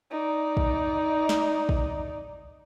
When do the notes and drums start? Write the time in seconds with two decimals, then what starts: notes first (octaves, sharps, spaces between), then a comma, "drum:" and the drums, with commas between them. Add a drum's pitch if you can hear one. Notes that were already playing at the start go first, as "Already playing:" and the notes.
0.11 D#4 D5
0.57 drum: kick
1.29 drum: snare
1.69 drum: kick